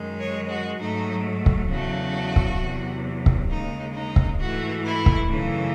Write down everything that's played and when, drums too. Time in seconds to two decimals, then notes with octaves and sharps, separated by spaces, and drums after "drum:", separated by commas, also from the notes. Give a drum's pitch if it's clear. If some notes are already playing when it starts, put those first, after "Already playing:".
Already playing: F#2 D#3 G#3
0.18 C#5
0.48 F#4
0.79 G#2 F#3 A3 D#4
1.46 drum: kick C#1
1.68 E2 C#3 F#3 A3 F#4
2.36 drum: kick C#1
2.58 E2 C3 F#3
3.26 drum: kick C#1
3.48 D#2 C#3 G#3 D#4
3.93 D#4
4.16 drum: kick C#1
4.38 G#2 E3 A3 F#4
4.83 E4
5.06 drum: kick C#1
5.28 F#2 C#3 E3 A3 D#4